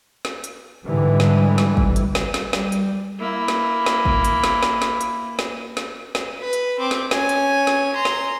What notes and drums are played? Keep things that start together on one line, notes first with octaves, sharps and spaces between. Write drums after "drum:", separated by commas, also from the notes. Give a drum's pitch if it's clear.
drum: snare
drum: hi-hat
G#2 D3 E3 G3
drum: snare
drum: snare
drum: kick
drum: hi-hat
drum: snare
drum: snare
G3, drum: snare
drum: hi-hat
A#3 E4
drum: snare
drum: snare
drum: kick
drum: hi-hat
drum: snare
drum: snare
drum: snare
drum: hi-hat
drum: snare
drum: snare
drum: snare
B4
drum: hi-hat
C4 D6
drum: snare
C#4 G#5, drum: snare
drum: hi-hat
drum: snare
A#5 C6
drum: snare